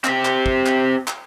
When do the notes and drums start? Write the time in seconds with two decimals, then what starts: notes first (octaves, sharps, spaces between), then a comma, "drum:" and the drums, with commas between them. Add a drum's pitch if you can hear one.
0.04 C4 G4, drum: clap
0.25 drum: clap
0.46 drum: kick
0.66 drum: clap
1.08 drum: clap